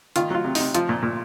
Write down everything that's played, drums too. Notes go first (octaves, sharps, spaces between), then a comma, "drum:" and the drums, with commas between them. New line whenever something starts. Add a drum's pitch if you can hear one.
D#3 F4, drum: hi-hat
F#3 F4
C3
C3 D#4, drum: open hi-hat
F3 F4, drum: hi-hat
A#2
A#2